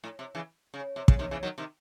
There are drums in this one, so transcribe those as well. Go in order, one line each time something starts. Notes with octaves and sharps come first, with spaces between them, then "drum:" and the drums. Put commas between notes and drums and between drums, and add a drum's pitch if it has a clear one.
A2
C3
C#3 E3
C#3
C3
C#3, drum: kick
C3 D#3
C#3 E3
D#3 F#3
C3 D#3